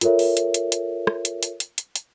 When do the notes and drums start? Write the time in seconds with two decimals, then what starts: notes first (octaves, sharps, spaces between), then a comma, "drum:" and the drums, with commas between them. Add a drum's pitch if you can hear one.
0.01 F4 A4 A#4 C#5 E5, drum: hi-hat
0.19 drum: open hi-hat
0.37 drum: hi-hat
0.54 drum: hi-hat
0.72 drum: hi-hat
1.07 drum: rim click
1.25 drum: hi-hat
1.43 drum: hi-hat
1.60 drum: hi-hat
1.78 drum: hi-hat
1.96 drum: hi-hat